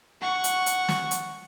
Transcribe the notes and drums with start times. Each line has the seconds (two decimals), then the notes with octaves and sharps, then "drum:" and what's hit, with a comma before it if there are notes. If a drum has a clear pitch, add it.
0.21 F#5 C#6
0.44 drum: hi-hat
0.66 drum: hi-hat
0.88 drum: snare
1.11 drum: hi-hat